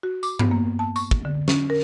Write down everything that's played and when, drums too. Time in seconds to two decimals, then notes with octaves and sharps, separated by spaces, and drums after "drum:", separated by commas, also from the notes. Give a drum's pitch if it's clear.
0.03 F#4
0.23 D6, drum: tambourine
0.39 B3, drum: tom G2
0.51 A#3
0.79 A5
0.96 C#6, drum: tambourine
1.11 drum: kick
1.25 D3
1.48 C#4, drum: snare
1.70 A#4